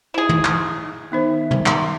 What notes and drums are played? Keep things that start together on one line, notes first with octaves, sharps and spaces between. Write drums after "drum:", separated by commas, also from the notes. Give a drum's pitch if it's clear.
D#4 E4 G#4
drum: tom
drum: clap
D#3 B3 D#4 C5 E5
drum: tom
drum: clap